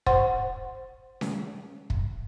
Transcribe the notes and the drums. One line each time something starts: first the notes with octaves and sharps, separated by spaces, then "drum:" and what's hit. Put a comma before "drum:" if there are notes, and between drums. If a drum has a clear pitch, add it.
C5 F#5 C6, drum: kick
drum: snare C#4
drum: kick